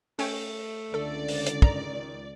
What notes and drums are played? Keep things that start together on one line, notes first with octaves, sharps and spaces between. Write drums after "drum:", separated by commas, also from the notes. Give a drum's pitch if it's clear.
A3 C#4 C#5 G5, drum: open hi-hat
C#2 D3 A4 D5
drum: open hi-hat
drum: hi-hat
D#3 A#5, drum: kick